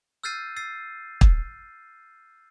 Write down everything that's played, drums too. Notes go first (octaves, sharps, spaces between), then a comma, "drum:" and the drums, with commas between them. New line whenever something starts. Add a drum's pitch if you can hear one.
E6 F6 G6 A6 C7 D#7
E6 A6 C7
drum: kick